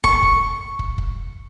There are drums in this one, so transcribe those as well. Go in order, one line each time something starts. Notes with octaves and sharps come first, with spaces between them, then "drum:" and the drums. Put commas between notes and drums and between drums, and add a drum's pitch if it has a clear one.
C#6, drum: kick
drum: kick
drum: kick
drum: kick